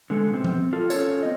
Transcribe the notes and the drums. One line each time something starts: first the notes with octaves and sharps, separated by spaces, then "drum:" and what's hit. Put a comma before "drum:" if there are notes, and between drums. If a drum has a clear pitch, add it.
D3 G#3 A4
B2 C4
drum: tom F3
F4 A4
C#4 F4 A4 C#5, drum: tambourine
C4 D#5